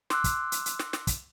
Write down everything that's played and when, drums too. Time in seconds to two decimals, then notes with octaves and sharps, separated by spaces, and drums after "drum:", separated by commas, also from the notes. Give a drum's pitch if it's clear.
0.10 C6 D6 E6 F#6, drum: snare
0.24 drum: kick, hi-hat
0.52 drum: hi-hat
0.66 drum: hi-hat
0.79 drum: snare
0.93 drum: snare
1.07 drum: kick, hi-hat